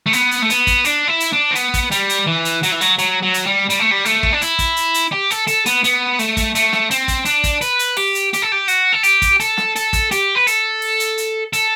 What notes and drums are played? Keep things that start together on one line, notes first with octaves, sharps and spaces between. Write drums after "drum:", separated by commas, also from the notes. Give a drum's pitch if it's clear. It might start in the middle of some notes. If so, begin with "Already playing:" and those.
A3
B3, drum: hi-hat
drum: hi-hat
A3
B3, drum: hi-hat
drum: kick, hi-hat
D4, drum: hi-hat
E4
drum: hi-hat
D4
C4
B3, drum: hi-hat
drum: kick, hi-hat
G3, drum: hi-hat
drum: hi-hat
E3
drum: hi-hat
F#3, drum: hi-hat
E3
F#3, drum: hi-hat
F#3, drum: hi-hat
F#3
drum: hi-hat
G3
G3, drum: hi-hat
A3
G3
A3, drum: hi-hat
drum: kick
D4
E4, drum: hi-hat
drum: kick, hi-hat
drum: hi-hat
drum: hi-hat
G4
A4, drum: hi-hat
A4, drum: hi-hat
B3, drum: hi-hat
B3, drum: hi-hat
A3, drum: hi-hat
drum: kick, hi-hat
A3, drum: hi-hat
drum: snare
C4, drum: hi-hat
drum: kick, hi-hat
D4, drum: hi-hat
drum: kick, hi-hat
B4, drum: hi-hat
drum: hi-hat
G4, drum: open hi-hat
drum: hi-hat
G4, drum: hi-hat
A4
G4
F#4, drum: hi-hat
A4
G4, drum: hi-hat
drum: kick, hi-hat
A4, drum: hi-hat
drum: snare
A4, drum: hi-hat
drum: kick, hi-hat
G4, drum: hi-hat
B4
A4, drum: hi-hat
drum: open hi-hat
drum: hi-hat
drum: hi-hat
A4, drum: hi-hat